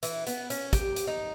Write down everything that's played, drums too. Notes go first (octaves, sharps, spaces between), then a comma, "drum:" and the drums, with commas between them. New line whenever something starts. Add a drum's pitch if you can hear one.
E3, drum: hi-hat
B3, drum: hi-hat
C#4, drum: hi-hat
G4, drum: kick, hi-hat
drum: hi-hat
D#4